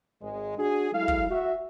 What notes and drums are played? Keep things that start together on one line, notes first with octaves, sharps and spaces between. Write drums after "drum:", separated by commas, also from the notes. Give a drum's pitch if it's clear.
G#1 G#3
D4 F#4 G#4
F#3 G#3 E4 A4 F5
drum: kick
F#4 E5